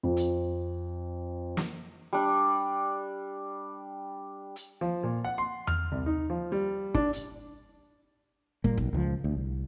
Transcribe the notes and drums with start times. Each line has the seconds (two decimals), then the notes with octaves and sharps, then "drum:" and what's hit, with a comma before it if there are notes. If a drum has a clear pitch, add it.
0.03 F2
0.17 drum: hi-hat
1.57 drum: snare
2.13 G3 D4
4.56 drum: hi-hat
4.81 F3
5.03 A#2
5.25 F#5
5.38 C6
5.67 F6, drum: tom E2
5.92 C2
6.06 D#4
6.30 F3
6.52 G3
6.94 D4, drum: kick
7.13 drum: hi-hat
8.64 A#2 G3 A#3, drum: kick
8.78 B1, drum: kick
8.93 C#2 E3 F3
9.24 D2
9.37 C2